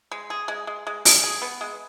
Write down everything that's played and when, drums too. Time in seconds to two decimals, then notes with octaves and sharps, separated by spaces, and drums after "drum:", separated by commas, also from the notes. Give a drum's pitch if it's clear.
0.11 G#3
0.30 G#4
0.48 G#3
0.67 G#3
0.87 G#3
1.05 G#3, drum: open hi-hat
1.24 G#4
1.42 B3
1.61 G#3